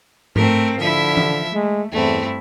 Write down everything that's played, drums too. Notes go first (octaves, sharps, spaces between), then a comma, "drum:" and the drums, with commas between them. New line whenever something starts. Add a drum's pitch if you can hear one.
A3 C4 A#4, drum: tom G#2
D3 F3 E4 E5
drum: tom E3
G#3 A3
E2 G2 A3 C4 E4